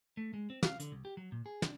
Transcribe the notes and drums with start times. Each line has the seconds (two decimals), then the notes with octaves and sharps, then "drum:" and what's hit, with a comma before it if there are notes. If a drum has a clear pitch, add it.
0.17 A3
0.34 G#3
0.50 C4
0.63 F5, drum: snare
0.80 D3, drum: hi-hat
0.92 C2
1.05 G4
1.17 F#3
1.32 A#2
1.46 G#4
1.62 D4, drum: snare